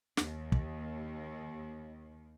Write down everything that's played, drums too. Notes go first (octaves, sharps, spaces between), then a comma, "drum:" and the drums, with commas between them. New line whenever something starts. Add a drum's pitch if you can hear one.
D#2 D#3, drum: snare
drum: kick